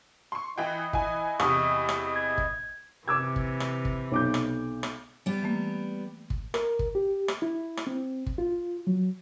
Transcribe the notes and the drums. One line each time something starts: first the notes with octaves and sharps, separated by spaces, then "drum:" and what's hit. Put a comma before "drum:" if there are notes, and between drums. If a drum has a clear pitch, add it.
C6 C#6
E3 E4 D#5 G5
E3 G#5, drum: kick
E2 C3 C#6 D#6, drum: rim click
drum: rim click
G#6
drum: kick
C3 E3 D6 E6 G#6
drum: kick
drum: rim click
drum: kick
B1 D6 G6
drum: rim click
drum: rim click
G3 B3
E3 A3 A#3
drum: kick
A#4, drum: rim click
drum: kick
G4
drum: rim click
E4
drum: rim click
C4
drum: kick
F4
F#3